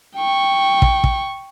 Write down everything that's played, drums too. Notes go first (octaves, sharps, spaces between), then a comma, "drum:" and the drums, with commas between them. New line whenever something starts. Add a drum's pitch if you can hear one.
G5 C#6
drum: kick
drum: kick